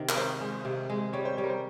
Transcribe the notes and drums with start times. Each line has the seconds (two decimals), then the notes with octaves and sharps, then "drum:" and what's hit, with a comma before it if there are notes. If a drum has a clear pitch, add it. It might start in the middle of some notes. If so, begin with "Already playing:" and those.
Already playing: C3 D#3
0.09 A#4, drum: clap
0.17 D#4 C5
0.41 G#3
0.65 C3
0.90 G#3
1.13 G3 C#5
1.25 C5
1.37 G3 C#5
1.44 A#4
1.49 C5